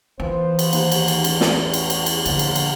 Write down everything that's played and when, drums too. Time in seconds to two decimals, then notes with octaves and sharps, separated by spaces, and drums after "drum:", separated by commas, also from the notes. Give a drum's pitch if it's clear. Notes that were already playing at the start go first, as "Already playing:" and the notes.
0.20 E3 B3 F4 C5
0.59 drum: cymbal
0.73 D#2, drum: cymbal
0.92 drum: cymbal
1.08 drum: cymbal
1.24 A1 E2, drum: cymbal
1.41 drum: snare
1.74 drum: cymbal
1.90 drum: cymbal
2.06 drum: cymbal
2.26 A#1 D3, drum: cymbal
2.39 drum: cymbal
2.56 drum: cymbal